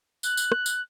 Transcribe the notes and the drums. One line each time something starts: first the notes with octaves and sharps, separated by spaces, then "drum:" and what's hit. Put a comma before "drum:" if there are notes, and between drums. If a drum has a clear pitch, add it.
F#6, drum: tambourine
drum: tambourine
drum: rim click
drum: tambourine